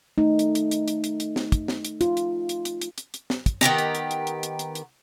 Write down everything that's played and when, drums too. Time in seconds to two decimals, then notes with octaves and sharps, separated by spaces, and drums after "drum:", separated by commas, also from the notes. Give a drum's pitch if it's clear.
0.18 A3 D#4
0.39 drum: hi-hat
0.55 drum: hi-hat
0.71 drum: hi-hat
0.88 drum: hi-hat
1.04 drum: hi-hat
1.20 drum: hi-hat
1.36 drum: snare
1.52 drum: kick, hi-hat
1.68 drum: snare
1.85 drum: hi-hat
2.01 F4, drum: hi-hat
2.17 drum: hi-hat
2.49 drum: hi-hat
2.65 drum: hi-hat
2.81 drum: hi-hat
2.98 drum: hi-hat
3.14 drum: hi-hat
3.30 drum: snare
3.46 drum: kick, hi-hat
3.61 D#3 B3 G4 A#5, drum: snare
3.78 drum: hi-hat
3.95 drum: hi-hat
4.11 drum: hi-hat
4.27 drum: hi-hat
4.43 drum: hi-hat
4.59 drum: hi-hat
4.75 drum: hi-hat